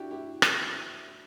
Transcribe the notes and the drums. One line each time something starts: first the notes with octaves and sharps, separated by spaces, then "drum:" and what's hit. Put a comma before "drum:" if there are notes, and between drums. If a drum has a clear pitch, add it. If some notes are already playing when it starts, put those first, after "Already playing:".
Already playing: D4 E4 F#4 G4
E4 G4
drum: rim click